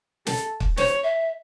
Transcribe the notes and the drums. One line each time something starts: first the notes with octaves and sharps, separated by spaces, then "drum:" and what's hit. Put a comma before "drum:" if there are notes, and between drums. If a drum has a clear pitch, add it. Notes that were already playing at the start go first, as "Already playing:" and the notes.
A4, drum: snare
drum: kick
C5 C#5, drum: snare
E5